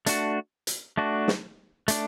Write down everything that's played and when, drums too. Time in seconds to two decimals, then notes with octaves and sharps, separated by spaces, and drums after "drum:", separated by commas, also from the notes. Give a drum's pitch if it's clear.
0.06 A3 D4 F#4, drum: hi-hat
0.67 drum: hi-hat
0.97 A3 D4 F#4
1.28 drum: snare
1.88 A3 D4, drum: hi-hat